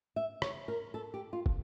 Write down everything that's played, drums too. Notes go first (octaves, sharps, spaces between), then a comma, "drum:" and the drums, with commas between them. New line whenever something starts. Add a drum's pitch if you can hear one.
E5
C#5, drum: rim click
A#4
A4
G4
F4
drum: kick